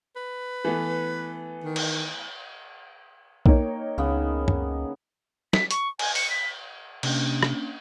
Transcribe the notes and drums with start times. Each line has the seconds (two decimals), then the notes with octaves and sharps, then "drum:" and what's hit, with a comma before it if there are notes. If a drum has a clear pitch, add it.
0.16 B4
0.65 E3 A3 B3
1.64 D#3
1.76 drum: cymbal
3.46 A#3 D#4 C#5 G5, drum: kick B1
3.98 C#2 C#3 B3
4.48 drum: tom
5.53 B6, drum: snare
5.71 C#6, drum: hi-hat
5.99 G#5, drum: cymbal
6.15 C#7, drum: open hi-hat
6.30 B6
7.03 C3 A#3 C#4 D4, drum: cymbal
7.43 drum: rim click